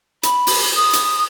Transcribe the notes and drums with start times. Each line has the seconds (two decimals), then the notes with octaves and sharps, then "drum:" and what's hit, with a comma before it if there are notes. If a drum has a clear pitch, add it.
0.23 B5, drum: hi-hat
0.47 drum: open hi-hat
0.76 D#6
0.93 drum: hi-hat